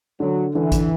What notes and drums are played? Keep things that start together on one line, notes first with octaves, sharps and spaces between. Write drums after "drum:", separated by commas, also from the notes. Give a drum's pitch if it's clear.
D3 F#3
D3 E3
drum: kick G#1, hi-hat